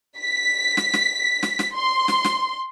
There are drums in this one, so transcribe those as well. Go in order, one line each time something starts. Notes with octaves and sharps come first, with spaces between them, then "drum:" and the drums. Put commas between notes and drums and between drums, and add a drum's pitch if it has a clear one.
B6
drum: snare
drum: snare
drum: snare
drum: snare
C6
drum: snare
drum: snare